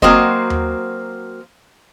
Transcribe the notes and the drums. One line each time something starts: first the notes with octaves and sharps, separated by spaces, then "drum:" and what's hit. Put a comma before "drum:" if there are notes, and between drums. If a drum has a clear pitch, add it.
F#3 A#3 C4 F#4 C5 D#5, drum: kick
drum: tom D#2